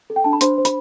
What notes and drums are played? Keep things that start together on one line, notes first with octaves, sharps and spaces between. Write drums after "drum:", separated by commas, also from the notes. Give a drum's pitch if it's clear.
A4
G5
D4 A5
B5
D4 C5 C6, drum: hi-hat
C5
B5, drum: hi-hat